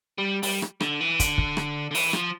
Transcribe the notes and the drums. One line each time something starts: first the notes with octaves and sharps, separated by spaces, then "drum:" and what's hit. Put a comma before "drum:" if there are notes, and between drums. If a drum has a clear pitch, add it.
G3
G3, drum: open hi-hat
drum: rim click
D3, drum: rim click
E3
D3, drum: kick, hi-hat
drum: kick
drum: rim click
D3
E3, drum: open hi-hat
F3, drum: rim click